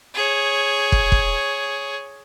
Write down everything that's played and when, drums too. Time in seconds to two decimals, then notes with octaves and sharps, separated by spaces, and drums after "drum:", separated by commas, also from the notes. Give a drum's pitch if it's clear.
0.14 G#4 C#5
0.92 drum: kick
1.12 drum: kick